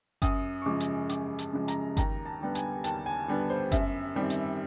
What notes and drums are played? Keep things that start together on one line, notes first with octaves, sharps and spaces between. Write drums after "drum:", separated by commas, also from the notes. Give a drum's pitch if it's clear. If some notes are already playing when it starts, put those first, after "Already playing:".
F#2 D#6, drum: kick G1, hi-hat
C#6
C#3 F3 G#3 D6
drum: hi-hat
F#2 D6, drum: hi-hat
A5, drum: hi-hat
C#3 F3 G#3
A#5, drum: hi-hat
D#2 A#5, drum: kick G1, hi-hat
A5
D3 G3 B3
G#5, drum: hi-hat
D#2 A5, drum: hi-hat
G#5
D3 G3 B3
C5
F#2 E5, drum: kick G1, hi-hat
D#3 G3 C4
drum: hi-hat